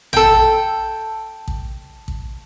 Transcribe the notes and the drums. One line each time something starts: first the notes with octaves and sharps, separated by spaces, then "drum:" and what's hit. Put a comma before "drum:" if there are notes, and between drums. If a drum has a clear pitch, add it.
A4 G5, drum: tom
drum: kick A1
drum: kick A1